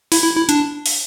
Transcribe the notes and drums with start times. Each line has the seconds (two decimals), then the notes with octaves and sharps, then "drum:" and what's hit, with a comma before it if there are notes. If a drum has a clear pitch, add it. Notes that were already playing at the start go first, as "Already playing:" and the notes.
0.12 E4, drum: open hi-hat
0.23 E4
0.36 E4
0.49 D4, drum: hi-hat
0.86 drum: open hi-hat